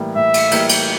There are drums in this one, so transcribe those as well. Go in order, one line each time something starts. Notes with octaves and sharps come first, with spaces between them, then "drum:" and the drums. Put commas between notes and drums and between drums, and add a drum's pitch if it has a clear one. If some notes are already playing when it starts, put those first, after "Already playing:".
Already playing: A2 E3 G3 A#3
A2 E5
drum: cymbal
E3 G3 A#3, drum: cymbal
drum: cymbal